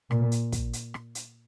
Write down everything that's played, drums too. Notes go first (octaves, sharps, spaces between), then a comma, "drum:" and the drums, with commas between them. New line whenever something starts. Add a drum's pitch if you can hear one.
A#2, drum: rim click
drum: hi-hat
drum: kick, hi-hat
drum: hi-hat
drum: rim click
drum: hi-hat